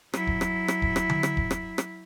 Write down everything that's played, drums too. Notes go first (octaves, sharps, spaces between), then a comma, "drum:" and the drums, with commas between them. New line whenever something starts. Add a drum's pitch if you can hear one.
F#3 E4, drum: rim click
drum: kick
drum: rim click
drum: rim click
drum: kick
drum: rim click
drum: tom D3
drum: rim click
drum: kick
drum: rim click
drum: rim click